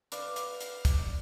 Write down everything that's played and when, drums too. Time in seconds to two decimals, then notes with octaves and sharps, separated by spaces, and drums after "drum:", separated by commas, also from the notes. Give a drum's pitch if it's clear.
0.12 B4 D5 F5, drum: hi-hat
0.36 drum: hi-hat
0.61 drum: hi-hat
0.85 drum: kick, hi-hat